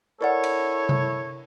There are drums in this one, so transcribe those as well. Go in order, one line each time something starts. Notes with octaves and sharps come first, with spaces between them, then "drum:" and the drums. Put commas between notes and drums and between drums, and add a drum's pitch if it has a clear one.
E4 A4 A#4 C#5 D5 F#5
drum: cymbal
drum: tom C3